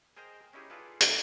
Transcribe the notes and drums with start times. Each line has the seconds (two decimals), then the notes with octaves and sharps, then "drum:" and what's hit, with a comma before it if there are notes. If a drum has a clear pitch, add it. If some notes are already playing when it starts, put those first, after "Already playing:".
0.17 G#4 A#4 C5 D#5 G5 A#5
0.53 C#4 D#4 E4 G4 G#4
0.70 F4 G#4 A4 B4 D5
1.00 drum: hi-hat